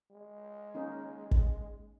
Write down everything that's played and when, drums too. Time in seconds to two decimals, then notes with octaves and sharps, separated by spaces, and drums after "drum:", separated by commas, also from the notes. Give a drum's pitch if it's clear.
0.11 G#3
0.75 A#3 C#4 D#4
1.31 drum: kick